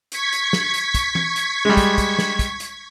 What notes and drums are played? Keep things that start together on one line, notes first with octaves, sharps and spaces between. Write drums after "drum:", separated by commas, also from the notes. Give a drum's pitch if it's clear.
C#6 G#6 B6, drum: hi-hat
drum: hi-hat
drum: snare
drum: hi-hat
drum: kick, hi-hat
drum: tom E3
drum: hi-hat
G3 G#3
drum: kick, hi-hat
drum: kick, hi-hat
drum: snare
drum: kick, hi-hat
drum: hi-hat